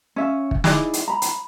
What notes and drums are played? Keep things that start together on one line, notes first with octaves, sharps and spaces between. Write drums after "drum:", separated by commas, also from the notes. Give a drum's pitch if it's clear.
C#4 E5 F5
drum: kick
D#4 E4 G#4 D5, drum: snare
drum: hi-hat
A#5 B5
drum: hi-hat